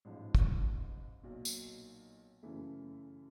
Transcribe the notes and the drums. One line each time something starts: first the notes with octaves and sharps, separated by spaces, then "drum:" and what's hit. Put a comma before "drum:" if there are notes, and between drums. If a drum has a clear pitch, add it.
A1 G#2 F3
drum: kick
B1 A#2 F#3
drum: tambourine
F#2 C#3 E3 A3